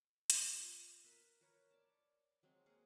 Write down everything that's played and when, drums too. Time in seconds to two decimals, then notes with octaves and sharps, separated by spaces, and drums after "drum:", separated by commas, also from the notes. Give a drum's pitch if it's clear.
0.30 drum: hi-hat
0.53 F4
1.04 A#4 B4 E5
1.41 A#4 B4 C#5 A#5
1.71 D5 A5
2.43 F#3 G#3 C4
2.66 A#3 G#4 A#4 F#5